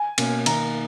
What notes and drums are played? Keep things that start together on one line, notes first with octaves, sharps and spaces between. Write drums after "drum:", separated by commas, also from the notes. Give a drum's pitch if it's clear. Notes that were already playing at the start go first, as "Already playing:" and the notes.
Already playing: G#5
B2 A#3 C#4, drum: cymbal
D#3 A#3 D#4 A#5, drum: cymbal